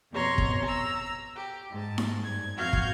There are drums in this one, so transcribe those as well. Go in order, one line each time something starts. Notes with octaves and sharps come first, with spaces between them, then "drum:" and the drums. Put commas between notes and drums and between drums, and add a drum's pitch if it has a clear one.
F2 B2 C#5 A#5 C6
drum: kick
A#5 E6
G4
G#2 A5
drum: snare D#4
G2 G#6
F2 F#4 F5 F6 G6 G#6
drum: kick